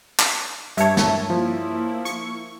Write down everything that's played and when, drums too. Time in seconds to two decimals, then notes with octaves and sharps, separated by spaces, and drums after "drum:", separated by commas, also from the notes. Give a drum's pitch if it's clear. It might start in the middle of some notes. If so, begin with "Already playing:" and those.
0.20 drum: clap
0.77 G2 C#5 E5 A5, drum: hi-hat
0.97 drum: snare
1.30 F3 A#3 E4
2.05 C#6, drum: hi-hat